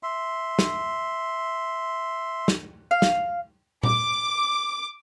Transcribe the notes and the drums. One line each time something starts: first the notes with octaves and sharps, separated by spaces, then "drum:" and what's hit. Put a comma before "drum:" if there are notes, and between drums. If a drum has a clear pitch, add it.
E5 C6
drum: snare
drum: snare
F5
drum: snare
D6, drum: tom A#2